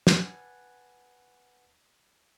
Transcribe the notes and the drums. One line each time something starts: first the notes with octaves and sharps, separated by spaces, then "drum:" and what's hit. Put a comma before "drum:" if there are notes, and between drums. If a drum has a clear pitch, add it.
B4 F#5 G#5 A5, drum: snare